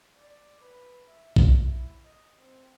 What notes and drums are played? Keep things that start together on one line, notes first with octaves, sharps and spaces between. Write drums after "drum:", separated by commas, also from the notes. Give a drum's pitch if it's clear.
D5
B4
E5
drum: kick A#1
E4
D#5
C4